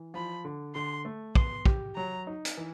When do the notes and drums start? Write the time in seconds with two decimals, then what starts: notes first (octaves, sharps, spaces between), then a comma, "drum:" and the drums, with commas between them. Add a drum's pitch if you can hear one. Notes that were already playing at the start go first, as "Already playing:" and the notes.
Already playing: E3
0.14 F3 B5
0.45 D3
0.74 D3 C6
1.05 A3
1.35 B3 C6, drum: kick
1.66 G4, drum: kick
1.96 F#3 A#5
2.27 D#4
2.45 drum: hi-hat
2.57 E3